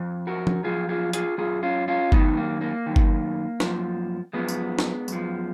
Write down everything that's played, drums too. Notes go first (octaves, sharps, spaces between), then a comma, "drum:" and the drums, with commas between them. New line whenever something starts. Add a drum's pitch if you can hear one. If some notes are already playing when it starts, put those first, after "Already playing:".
Already playing: F2 F3
F#4 A#4
drum: tom F3
F#2 F3 F4 G#4
F4 G#4
F4 G#4, drum: hi-hat
F#2 F3 F4 G#4
C#4 F4
C#4 F4
F#2 D#3 B3 D#4, drum: kick G1
A#3
A#3
F#2 D#3
drum: kick G1
F#2 F3, drum: snare
F#2 F3 G#3 B3
drum: tambourine
drum: snare
F#2 F3, drum: tambourine